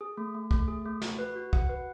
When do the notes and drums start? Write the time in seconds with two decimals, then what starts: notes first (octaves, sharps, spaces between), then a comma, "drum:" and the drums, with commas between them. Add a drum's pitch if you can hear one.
0.01 G#4
0.17 A3
0.35 A3
0.51 A3, drum: kick
0.68 G#4
0.85 A3
1.02 F#4, drum: snare
1.19 B4
1.36 F#4
1.53 F#5, drum: kick
1.69 B4